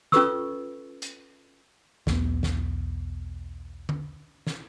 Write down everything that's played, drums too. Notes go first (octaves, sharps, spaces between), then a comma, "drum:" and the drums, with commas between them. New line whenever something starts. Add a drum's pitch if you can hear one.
C#4 F4 A4 B4 C#6 E6, drum: snare
drum: hi-hat
B1 E2 B3, drum: snare
drum: snare
drum: tom D3
drum: snare